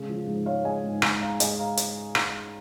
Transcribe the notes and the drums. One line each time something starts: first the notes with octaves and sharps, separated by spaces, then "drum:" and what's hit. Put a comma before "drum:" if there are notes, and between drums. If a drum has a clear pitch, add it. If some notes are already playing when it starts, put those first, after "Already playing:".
Already playing: C#3 G#3
F3
G#2
G#3 C#5 F5
G#3 D#5 G#5
G#2
G#2 G#5 C#6, drum: rim click
G#3 F5 A#5
G#3 D#5 G#5, drum: hi-hat
F5 A#5
drum: hi-hat
drum: rim click